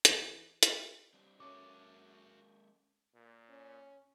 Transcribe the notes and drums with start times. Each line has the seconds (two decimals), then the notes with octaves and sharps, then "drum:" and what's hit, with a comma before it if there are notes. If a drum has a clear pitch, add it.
0.05 E3, drum: hi-hat
0.63 G4, drum: hi-hat
1.14 G3 C4 D4
1.40 G#3 C#4 F#4 A4 A#4 C#5 E5 D6
3.15 A#2
3.49 C#4